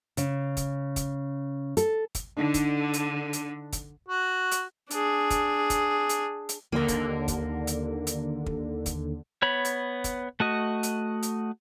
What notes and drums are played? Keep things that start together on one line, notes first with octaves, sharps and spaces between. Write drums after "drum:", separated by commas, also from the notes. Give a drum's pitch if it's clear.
C#3, drum: hi-hat
drum: kick, hi-hat
drum: kick, hi-hat
A4, drum: hi-hat
drum: kick, hi-hat
D3 D4 D#4
drum: kick, hi-hat
drum: hi-hat
drum: hi-hat
drum: kick, hi-hat
F#4
drum: hi-hat
D4 G#4, drum: hi-hat
drum: kick, hi-hat
drum: kick, hi-hat
drum: hi-hat
drum: hi-hat
D#2 D3 A#3 A#4
drum: kick, hi-hat
drum: kick, hi-hat
drum: hi-hat
drum: hi-hat
drum: kick
drum: kick, hi-hat
B3 C#5 B5
drum: hi-hat
drum: kick, hi-hat
A3 F#4 D#5
drum: hi-hat
drum: hi-hat